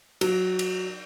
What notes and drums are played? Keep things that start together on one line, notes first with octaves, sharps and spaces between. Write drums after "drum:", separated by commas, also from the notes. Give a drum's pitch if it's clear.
F#3, drum: cymbal
drum: cymbal